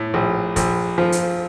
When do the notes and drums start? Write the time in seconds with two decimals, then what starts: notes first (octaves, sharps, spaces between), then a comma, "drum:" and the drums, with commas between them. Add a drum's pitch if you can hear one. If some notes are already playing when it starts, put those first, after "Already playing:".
Already playing: A2
0.14 A#1
0.56 A#1, drum: kick, hi-hat
0.98 F3
1.12 drum: hi-hat